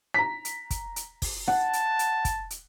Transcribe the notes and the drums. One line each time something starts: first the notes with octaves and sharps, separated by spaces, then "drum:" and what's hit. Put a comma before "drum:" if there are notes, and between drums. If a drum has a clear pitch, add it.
A#5 B6
drum: hi-hat
drum: kick, hi-hat
drum: hi-hat
drum: kick, open hi-hat
F#5 A5, drum: rim click
drum: hi-hat
drum: hi-hat
drum: kick, hi-hat
drum: hi-hat